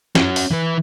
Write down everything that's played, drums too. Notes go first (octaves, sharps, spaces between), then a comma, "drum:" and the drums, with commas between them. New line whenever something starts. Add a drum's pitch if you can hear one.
C#4 F#4, drum: snare
drum: open hi-hat
E3 B4